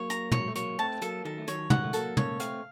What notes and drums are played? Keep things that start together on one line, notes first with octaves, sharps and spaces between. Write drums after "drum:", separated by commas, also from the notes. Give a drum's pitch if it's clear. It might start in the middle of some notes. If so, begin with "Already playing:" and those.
Already playing: F#3 A#3 C#5
A#5, drum: hi-hat
F3 C#5, drum: tom
F#3
A3
F#3 A#3 C#5, drum: hi-hat
A3 C4 A5
F#3 A#3 A4, drum: hi-hat
D#3 F#3 A4
A3
D#3 F#3 C#5, drum: hi-hat
D#3 F#3 F#5, drum: tom
A3
F#3 A#3 A4, drum: hi-hat
A#3 C#4 C#5, drum: tom
A3 C4 F5, drum: hi-hat